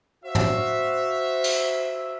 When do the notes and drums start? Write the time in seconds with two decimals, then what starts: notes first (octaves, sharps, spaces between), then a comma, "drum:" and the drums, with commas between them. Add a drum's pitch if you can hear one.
0.24 F#4 C5 E5 F5
0.35 drum: tom
1.44 drum: cymbal